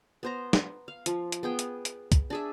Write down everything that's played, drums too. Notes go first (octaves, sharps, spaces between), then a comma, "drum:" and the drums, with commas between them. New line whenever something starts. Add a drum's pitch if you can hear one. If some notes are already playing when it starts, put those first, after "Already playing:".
B3 C5 A#5
drum: snare
F5
F3, drum: hi-hat
drum: hi-hat
B3 G#4 G5
drum: hi-hat
drum: hi-hat
drum: kick, hi-hat
D4 G#4 E5